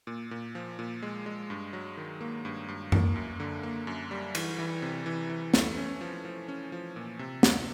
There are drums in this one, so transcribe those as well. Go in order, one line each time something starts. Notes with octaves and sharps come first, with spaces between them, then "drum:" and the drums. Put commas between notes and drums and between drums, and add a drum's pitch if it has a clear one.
A#2
A#2
F3
A#2
G#3
G#3
G2
F#3
D#3
A#3
G2
G2
A#3, drum: tom F#2
F#2
D3
A#3
F#2
G3
E3, drum: cymbal
E3
C3
E3
E3
A3, drum: snare
C#4
F3
F3
C#4
F3
A#2
C3
C3, drum: snare